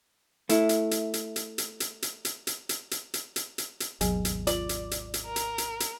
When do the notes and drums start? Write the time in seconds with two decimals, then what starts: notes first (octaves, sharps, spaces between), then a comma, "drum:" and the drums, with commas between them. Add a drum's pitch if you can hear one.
0.49 A3 E4, drum: hi-hat
0.69 drum: hi-hat
0.91 drum: hi-hat
1.14 drum: hi-hat
1.36 drum: hi-hat
1.58 drum: hi-hat
1.80 drum: hi-hat
2.02 drum: hi-hat
2.25 drum: hi-hat
2.47 drum: hi-hat
2.69 drum: hi-hat
2.91 drum: hi-hat
3.14 drum: hi-hat
3.36 drum: hi-hat
3.58 drum: hi-hat
3.80 drum: hi-hat
4.01 G#1 D#2 B2 F#3 G#4 G#5, drum: hi-hat
4.25 drum: hi-hat
4.47 F4 D5, drum: hi-hat
4.69 drum: hi-hat
4.91 drum: hi-hat
5.14 drum: hi-hat
5.27 A#4
5.36 drum: hi-hat
5.58 drum: hi-hat
5.80 drum: hi-hat